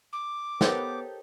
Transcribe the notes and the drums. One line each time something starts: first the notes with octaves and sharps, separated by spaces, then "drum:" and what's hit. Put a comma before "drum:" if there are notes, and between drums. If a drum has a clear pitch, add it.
D6
B3 D#4 G4 A4 A#4 C5 C#5, drum: snare